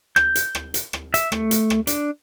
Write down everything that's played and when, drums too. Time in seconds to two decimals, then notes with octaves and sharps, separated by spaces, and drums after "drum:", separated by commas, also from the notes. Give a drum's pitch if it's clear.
0.16 G6, drum: rim click
0.35 drum: hi-hat
0.55 drum: rim click
0.74 drum: hi-hat
0.93 drum: rim click
1.14 E5, drum: hi-hat
1.32 A3, drum: rim click
1.51 drum: hi-hat
1.70 drum: rim click
1.87 D4, drum: hi-hat